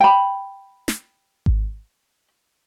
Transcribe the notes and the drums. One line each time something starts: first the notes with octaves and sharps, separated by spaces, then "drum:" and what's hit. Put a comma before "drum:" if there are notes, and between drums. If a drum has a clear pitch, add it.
G5 B5
drum: snare
drum: kick G#1